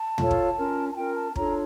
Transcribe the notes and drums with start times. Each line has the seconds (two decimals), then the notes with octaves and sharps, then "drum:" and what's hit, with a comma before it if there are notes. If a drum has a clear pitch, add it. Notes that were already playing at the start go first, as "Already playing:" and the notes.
Already playing: A5
0.18 F4 A4 C#5, drum: tom
0.31 drum: kick
0.57 C#4 F4 A#4
0.90 A5
0.96 C#4 F4 A#4 G5
1.16 A5
1.36 D4 F4 A4 C#5 A#5, drum: kick